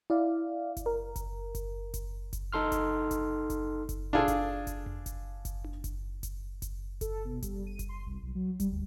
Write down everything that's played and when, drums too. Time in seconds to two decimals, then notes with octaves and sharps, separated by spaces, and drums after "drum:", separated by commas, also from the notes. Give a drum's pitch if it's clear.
0.10 E4 D5 F5
0.77 drum: kick F#1, hi-hat
0.86 A#4
1.16 drum: kick F#1, hi-hat
1.55 drum: kick F#1, hi-hat
1.94 drum: kick F#1, hi-hat
2.33 drum: kick F#1, hi-hat
2.52 D#4 A4 C6 F6
2.72 drum: kick F#1, hi-hat
3.11 drum: kick F#1, hi-hat
3.50 drum: kick F#1, hi-hat
3.89 drum: kick F#1, hi-hat
4.13 D4 F4 G#4 A4
4.28 drum: kick F#1, hi-hat
4.67 drum: kick F#1, hi-hat
4.86 drum: tom F2
5.06 drum: kick F#1, hi-hat
5.45 drum: kick F#1, hi-hat
5.64 drum: tom D4
5.84 drum: kick F#1, hi-hat
6.23 drum: kick F#1, hi-hat
6.62 drum: kick F#1, hi-hat
7.01 A4, drum: kick F#1, hi-hat
7.25 B2
7.42 G3, drum: kick F#1, hi-hat
7.67 D#7
7.79 drum: kick F#1, hi-hat
7.89 C6
8.06 C2
8.22 B1
8.35 F#3
8.60 G3, drum: kick F#1, hi-hat
8.72 D2